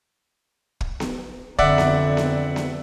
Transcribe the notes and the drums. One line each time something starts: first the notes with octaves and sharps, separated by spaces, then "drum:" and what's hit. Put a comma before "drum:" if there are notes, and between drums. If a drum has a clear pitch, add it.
drum: kick
drum: snare B3
F2 D3 D5 E5 F#5, drum: kick
drum: snare B3
drum: snare B3
drum: snare B3